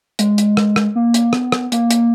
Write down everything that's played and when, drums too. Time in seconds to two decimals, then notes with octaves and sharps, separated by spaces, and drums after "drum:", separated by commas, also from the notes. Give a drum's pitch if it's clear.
0.19 G#3, drum: hi-hat
0.38 drum: hi-hat
0.57 drum: rim click
0.76 drum: rim click
0.95 A#3
1.14 drum: hi-hat
1.33 B3, drum: rim click
1.52 drum: rim click
1.72 A#3, drum: hi-hat
1.90 drum: hi-hat